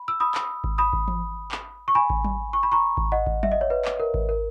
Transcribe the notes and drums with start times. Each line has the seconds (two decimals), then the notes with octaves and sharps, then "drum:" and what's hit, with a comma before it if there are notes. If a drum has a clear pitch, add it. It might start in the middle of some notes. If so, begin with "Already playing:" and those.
Already playing: B5
0.08 E6
0.20 B5 D#6
0.35 drum: clap
0.64 drum: kick G#1
0.78 B5 D#6
0.93 drum: kick G#1
1.08 drum: tom E3
1.51 drum: clap
1.88 C#6
1.95 G#5 B5
2.10 drum: kick G#1
2.24 drum: tom F#3
2.53 C#6
2.63 B5
2.72 A#5 C#6
2.97 drum: kick G#1
3.12 D#5 F#5
3.27 drum: kick G#1
3.43 E5, drum: tom F#3
3.52 D#5
3.61 C#5
3.70 B4
3.85 drum: clap
4.00 A#4
4.14 drum: kick G#1
4.29 A#4